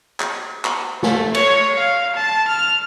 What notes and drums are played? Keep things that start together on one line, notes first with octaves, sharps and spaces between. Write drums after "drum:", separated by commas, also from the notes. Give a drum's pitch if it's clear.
drum: clap
drum: clap
A3, drum: snare
C#5, drum: cymbal
F5
A5
F6